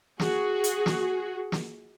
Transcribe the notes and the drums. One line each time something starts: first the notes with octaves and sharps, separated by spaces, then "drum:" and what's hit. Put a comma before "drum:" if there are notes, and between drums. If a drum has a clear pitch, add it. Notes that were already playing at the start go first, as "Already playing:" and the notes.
F#4 G#4, drum: snare
drum: hi-hat
drum: snare
drum: snare